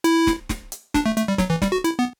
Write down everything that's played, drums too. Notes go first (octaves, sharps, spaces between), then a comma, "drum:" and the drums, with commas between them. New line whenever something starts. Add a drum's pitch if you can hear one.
E4, drum: hi-hat
drum: snare
drum: snare
drum: hi-hat
D4, drum: snare
A3
A3, drum: hi-hat
G3
F#3, drum: snare
E3
G3, drum: snare
F#4
E4, drum: hi-hat
B3